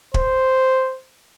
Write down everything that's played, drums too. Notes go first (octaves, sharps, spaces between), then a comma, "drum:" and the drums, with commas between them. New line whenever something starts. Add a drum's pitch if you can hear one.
C5, drum: kick